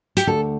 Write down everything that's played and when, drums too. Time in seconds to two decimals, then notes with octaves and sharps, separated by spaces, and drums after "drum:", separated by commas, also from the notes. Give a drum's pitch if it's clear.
0.17 G4, drum: hi-hat
0.27 D2 A4